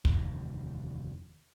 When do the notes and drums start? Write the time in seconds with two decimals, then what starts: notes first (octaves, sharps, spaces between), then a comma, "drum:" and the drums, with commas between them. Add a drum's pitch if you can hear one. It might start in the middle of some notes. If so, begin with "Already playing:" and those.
0.05 F1 D#2, drum: kick